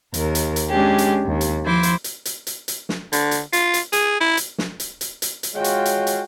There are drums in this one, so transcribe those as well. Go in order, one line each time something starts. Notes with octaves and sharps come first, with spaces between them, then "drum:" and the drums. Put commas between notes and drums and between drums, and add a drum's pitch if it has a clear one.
D#2 A#4, drum: hi-hat
drum: hi-hat
drum: hi-hat
G#3 C#4 D4 G4 G#4
drum: hi-hat
D#2
drum: hi-hat
F3 E4 C5 C6 D6
drum: hi-hat
drum: hi-hat
drum: hi-hat
drum: hi-hat
drum: hi-hat
drum: snare
D3, drum: hi-hat
drum: hi-hat
F4, drum: hi-hat
drum: hi-hat
G#4, drum: hi-hat
E4
drum: hi-hat
drum: snare
drum: hi-hat
drum: hi-hat
drum: hi-hat
drum: hi-hat
G#3 F4 F#4 C#5 G5
drum: hi-hat
drum: hi-hat
drum: hi-hat